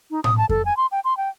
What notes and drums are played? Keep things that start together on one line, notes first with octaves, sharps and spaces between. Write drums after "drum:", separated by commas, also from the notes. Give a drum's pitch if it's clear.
D#4
D#6, drum: tom A2
A5
A4, drum: kick F2
G#5
C6
G5
C6
G5